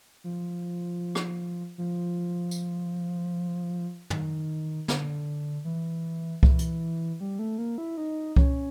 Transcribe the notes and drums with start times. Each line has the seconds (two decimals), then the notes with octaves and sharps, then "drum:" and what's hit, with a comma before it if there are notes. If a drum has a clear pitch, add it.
0.24 F3
1.15 drum: rim click
1.78 F3
2.51 drum: tambourine
4.10 D#3, drum: tom
4.88 D3, drum: snare
5.65 E3
6.43 E3, drum: kick C2
6.59 drum: hi-hat
7.20 G3
7.39 A3
7.58 A#3
7.78 E4
7.97 D#4
8.36 C#4, drum: kick C2